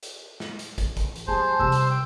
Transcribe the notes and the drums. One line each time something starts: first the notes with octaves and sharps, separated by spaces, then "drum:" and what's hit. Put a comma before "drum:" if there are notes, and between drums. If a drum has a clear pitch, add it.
drum: hi-hat
drum: snare
drum: hi-hat
drum: kick, hi-hat
drum: kick, hi-hat
drum: hi-hat
G3 G#4 C5 A5
C3 G3 E6
drum: hi-hat
G5